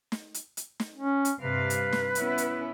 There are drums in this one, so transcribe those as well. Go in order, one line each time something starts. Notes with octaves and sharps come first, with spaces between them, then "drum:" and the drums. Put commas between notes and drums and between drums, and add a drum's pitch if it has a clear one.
drum: snare
drum: hi-hat
drum: hi-hat
drum: snare
C#4
drum: hi-hat
G2 C3 B4 F5
drum: hi-hat
drum: snare
B3 C#4 E4, drum: hi-hat
drum: hi-hat